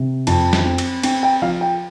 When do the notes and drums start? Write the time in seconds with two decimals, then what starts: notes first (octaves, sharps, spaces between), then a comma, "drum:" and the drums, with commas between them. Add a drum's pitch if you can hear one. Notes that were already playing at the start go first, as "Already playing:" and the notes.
Already playing: C3
0.27 F2 A5, drum: cymbal
0.53 drum: snare
0.65 C4
0.78 drum: cymbal
1.03 C4 G5, drum: cymbal
1.23 G5
1.42 F3 F5
1.61 G5